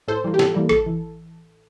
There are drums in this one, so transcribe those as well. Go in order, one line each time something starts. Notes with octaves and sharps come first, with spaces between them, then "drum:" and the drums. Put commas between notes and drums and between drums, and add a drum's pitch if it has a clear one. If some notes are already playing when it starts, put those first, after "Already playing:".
A2 A4 C5
E3 G3 A#3
G4
A2 A4, drum: snare
E3 G3 A#3
A1 A4, drum: rim click
E3